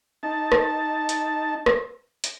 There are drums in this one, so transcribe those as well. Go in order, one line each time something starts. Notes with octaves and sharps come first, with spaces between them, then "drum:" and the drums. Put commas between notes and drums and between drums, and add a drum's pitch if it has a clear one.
D#4 A5
drum: rim click
drum: hi-hat
drum: rim click
drum: hi-hat